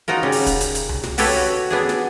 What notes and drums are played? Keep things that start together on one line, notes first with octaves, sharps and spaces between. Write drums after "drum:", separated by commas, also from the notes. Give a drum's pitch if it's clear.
D#4 F4 F#4 A#4
C#3 G3
drum: open hi-hat
drum: kick, hi-hat
drum: hi-hat
drum: hi-hat
drum: tom C2
drum: snare
F#4 G4 A4 B4 C#5, drum: open hi-hat
F#4
B3 D4 G#4
drum: snare